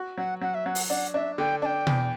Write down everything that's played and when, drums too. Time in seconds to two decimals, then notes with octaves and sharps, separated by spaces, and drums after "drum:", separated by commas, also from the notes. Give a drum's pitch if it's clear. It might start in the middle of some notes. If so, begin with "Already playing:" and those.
Already playing: F#4
0.18 F#3 F#5
0.42 F#3 F#5
0.55 E5
0.66 F#3 F#5
0.75 drum: open hi-hat
0.90 D4 F#5
1.14 D4 E5
1.38 D3 G5
1.62 D4 G5 A5
1.87 E2, drum: tom B2